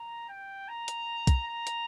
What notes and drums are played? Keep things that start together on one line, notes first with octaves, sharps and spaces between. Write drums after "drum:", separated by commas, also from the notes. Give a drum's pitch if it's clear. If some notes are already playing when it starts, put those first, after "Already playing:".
Already playing: A#5
G5
A#5
drum: hi-hat
drum: kick, hi-hat
A#5
drum: hi-hat